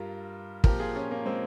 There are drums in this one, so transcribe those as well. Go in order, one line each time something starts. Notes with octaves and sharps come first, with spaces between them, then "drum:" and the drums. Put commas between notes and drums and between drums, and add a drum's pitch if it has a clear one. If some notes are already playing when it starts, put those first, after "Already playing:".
Already playing: G2 G3 F4 A#4
A#2 F3 G4 A#4, drum: kick
F4 G#4
C#4 F4
A#3 C#4
G#3 C4